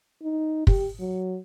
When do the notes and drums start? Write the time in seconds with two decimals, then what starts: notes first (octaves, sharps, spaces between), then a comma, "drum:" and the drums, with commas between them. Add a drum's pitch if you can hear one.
0.23 D#4
0.67 G4, drum: kick
1.00 F#3